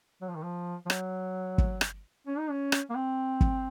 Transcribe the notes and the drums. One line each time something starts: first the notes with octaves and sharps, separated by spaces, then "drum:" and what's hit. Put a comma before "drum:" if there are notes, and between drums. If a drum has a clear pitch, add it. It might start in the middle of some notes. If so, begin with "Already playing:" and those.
F#3
F3
D#3
F3
F3
F#3, drum: rim click
drum: kick
drum: rim click
C#4
D#4
C#4
drum: rim click
A#3
C4
drum: kick